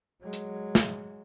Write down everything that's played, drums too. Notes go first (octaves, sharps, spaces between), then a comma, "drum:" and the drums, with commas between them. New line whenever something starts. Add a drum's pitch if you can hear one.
F#3 G#3
drum: hi-hat
drum: snare